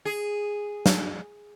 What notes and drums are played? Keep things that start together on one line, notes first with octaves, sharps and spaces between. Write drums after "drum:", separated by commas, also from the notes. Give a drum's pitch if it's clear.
G#4
drum: snare